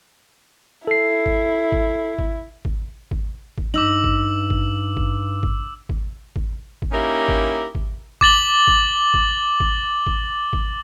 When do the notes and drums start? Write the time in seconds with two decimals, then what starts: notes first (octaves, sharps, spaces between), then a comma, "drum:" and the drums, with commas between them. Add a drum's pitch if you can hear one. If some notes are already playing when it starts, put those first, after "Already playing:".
0.87 E4 A4 C7
1.26 drum: kick G#1
1.72 drum: kick G#1
2.19 drum: kick G#1
2.65 drum: kick G#1
3.11 drum: kick G#1
3.58 drum: kick G#1
3.74 G2 D#4 D6 E6 F#7
4.04 drum: kick G#1
4.50 drum: kick G#1
4.97 drum: kick G#1
5.43 drum: kick G#1
5.89 drum: kick G#1
6.36 drum: kick G#1
6.82 drum: kick G#1
6.92 A#3 C#4 D#4 E4 G4 A#4
7.28 drum: kick G#1
7.75 drum: kick G#1
8.21 D6 A6 F#7 G7, drum: kick G#1
8.67 drum: kick G#1
9.14 drum: kick G#1
9.60 drum: kick G#1
10.07 drum: kick G#1
10.53 drum: kick G#1